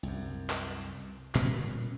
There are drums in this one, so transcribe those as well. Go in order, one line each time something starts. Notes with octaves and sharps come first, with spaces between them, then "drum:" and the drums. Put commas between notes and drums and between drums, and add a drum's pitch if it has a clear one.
C2 F#2
drum: clap
A#2 G3 B3 C#4, drum: clap